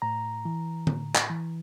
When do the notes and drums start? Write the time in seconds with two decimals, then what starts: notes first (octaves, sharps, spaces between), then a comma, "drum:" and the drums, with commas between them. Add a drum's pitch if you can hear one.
0.02 A2 A#5
0.45 E3
0.87 A2, drum: tom D3
1.15 drum: clap
1.30 E3